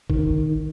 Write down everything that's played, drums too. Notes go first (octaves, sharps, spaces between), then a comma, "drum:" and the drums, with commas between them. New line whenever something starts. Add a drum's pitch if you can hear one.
D#3, drum: kick